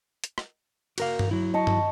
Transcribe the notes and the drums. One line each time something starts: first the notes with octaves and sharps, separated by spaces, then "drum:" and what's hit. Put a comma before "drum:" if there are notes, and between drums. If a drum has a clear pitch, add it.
drum: hi-hat
drum: rim click
F#4 A#4 F5, drum: cymbal
drum: tom G2
F#3 E4
D#5 A5 C#6
drum: tom G2